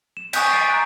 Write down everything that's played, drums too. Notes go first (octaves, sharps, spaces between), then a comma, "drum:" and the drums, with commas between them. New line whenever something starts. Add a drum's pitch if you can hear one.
E7
G#5 C#6 D#6 F#6 G6 B6, drum: cymbal
A6 B6 C7 D7
A#5 F#6